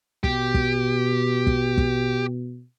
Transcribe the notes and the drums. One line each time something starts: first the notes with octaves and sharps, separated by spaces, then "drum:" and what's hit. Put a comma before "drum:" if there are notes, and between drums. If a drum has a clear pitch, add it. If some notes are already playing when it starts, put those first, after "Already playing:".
B2 G4, drum: kick
drum: kick
drum: kick
drum: kick